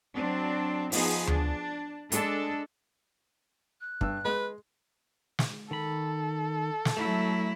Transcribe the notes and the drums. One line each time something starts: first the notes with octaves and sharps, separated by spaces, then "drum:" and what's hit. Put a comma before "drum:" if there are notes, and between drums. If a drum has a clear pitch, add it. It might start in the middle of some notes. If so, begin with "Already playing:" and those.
F#3 C4 D4
F3 B3 D#4 G#4, drum: open hi-hat
D4, drum: tom D2
G#3 D4 A4, drum: hi-hat
F#6
G2 E6, drum: kick
G#3 B4
drum: snare
D#3 A4 B5
drum: snare
F#3 A3 E4